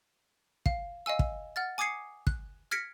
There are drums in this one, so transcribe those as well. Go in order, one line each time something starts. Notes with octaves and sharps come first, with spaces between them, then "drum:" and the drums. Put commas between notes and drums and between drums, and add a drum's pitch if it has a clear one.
F5, drum: kick
D#5 F5 G#5 E6
drum: kick
F#5 F6 A6
G#5 D6 D#6 G#6 C7 C#7
F#6, drum: kick
F6 G#6 A#6 B6 C#7 D7